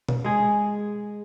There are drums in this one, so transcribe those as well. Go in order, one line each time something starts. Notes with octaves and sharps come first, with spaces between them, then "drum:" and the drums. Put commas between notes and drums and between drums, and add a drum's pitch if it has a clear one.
drum: tom B2
G#3 G#4